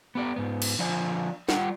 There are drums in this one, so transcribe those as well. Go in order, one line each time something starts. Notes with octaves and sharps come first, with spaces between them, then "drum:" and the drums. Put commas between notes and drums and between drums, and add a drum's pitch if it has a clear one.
B3 G4 D5
G#2 B3
drum: cymbal
D3 F3 F4 D5 G#5
G3 F4 G4 D5 F#5, drum: snare